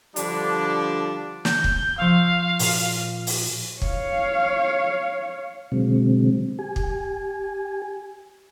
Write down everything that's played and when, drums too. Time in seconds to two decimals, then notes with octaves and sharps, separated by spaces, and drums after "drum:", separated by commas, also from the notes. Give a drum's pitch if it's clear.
0.16 D3 F3 G3 D4, drum: hi-hat
1.45 G6, drum: snare
1.64 drum: kick
1.98 F3 F5 C#6 E6
2.59 A#2, drum: open hi-hat
3.27 drum: open hi-hat
3.82 C#5 F5, drum: kick
5.72 B2 D3 F#3 G#3 C4
6.59 G4 G#5
6.76 drum: kick